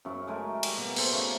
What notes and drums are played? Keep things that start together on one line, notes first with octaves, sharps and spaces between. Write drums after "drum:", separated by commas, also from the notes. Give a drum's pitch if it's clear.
F#2 C#3 E4 C#6
G#3 A3 A#4 G#5
G3, drum: cymbal
B2 A#3
G#4 A4 C5 G#5, drum: cymbal
C#3 A3 A#3